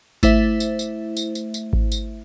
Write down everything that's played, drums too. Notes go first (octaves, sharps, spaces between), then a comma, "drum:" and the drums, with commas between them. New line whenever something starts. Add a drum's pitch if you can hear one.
A3 E4 C5 E5, drum: kick G#1, tambourine
drum: tambourine
drum: tambourine
drum: tambourine
drum: tambourine
drum: tambourine
drum: kick G#1
drum: tambourine